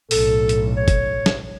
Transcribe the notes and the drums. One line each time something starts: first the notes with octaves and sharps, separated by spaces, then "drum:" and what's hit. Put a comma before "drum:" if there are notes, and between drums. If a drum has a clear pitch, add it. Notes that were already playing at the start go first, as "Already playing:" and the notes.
B1 A2 A4, drum: open hi-hat
drum: hi-hat
C#5
drum: kick, hi-hat
drum: snare